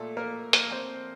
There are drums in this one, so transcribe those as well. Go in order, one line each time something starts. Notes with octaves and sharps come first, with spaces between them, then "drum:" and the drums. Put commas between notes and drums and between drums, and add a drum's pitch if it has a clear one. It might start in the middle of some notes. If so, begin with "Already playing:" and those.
Already playing: A#2 A3 A4
A#3 A#4
A#3 A#4, drum: hi-hat
C4 C5